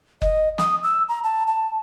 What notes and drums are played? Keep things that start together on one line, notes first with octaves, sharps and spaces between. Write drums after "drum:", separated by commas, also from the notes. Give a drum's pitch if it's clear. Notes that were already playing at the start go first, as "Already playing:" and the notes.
D#5, drum: kick F#1
D#6, drum: snare
E6
A#5
A5
A5